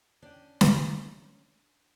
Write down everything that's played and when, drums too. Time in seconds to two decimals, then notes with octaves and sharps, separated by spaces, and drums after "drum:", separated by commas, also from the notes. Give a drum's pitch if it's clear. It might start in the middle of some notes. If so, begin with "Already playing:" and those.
0.22 C#4 D4 G5
0.61 drum: snare